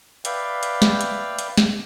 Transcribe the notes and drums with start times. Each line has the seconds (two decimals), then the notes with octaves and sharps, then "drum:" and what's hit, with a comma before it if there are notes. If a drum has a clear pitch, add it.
0.25 B4 D5 E5 F5 G5, drum: hi-hat
0.63 drum: hi-hat
0.82 drum: snare
1.01 drum: hi-hat
1.39 drum: hi-hat
1.58 drum: snare